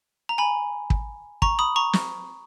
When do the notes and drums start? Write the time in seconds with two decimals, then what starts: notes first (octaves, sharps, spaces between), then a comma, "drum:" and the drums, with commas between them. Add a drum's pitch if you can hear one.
0.29 A#5
0.38 G#5 B5
0.90 drum: kick
1.42 A#5 C#6, drum: kick
1.59 B5 D#6
1.76 A#5 C#6
1.93 drum: snare